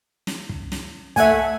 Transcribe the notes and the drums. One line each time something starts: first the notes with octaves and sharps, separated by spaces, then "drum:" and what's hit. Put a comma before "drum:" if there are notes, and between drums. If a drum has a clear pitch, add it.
drum: snare
drum: kick
drum: snare
A3 E5 F#5 G#5, drum: kick, hi-hat